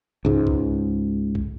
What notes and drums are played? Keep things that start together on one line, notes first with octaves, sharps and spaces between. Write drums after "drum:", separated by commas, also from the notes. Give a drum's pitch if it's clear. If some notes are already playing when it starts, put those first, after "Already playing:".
C#2 G#2
drum: kick C2
drum: kick C2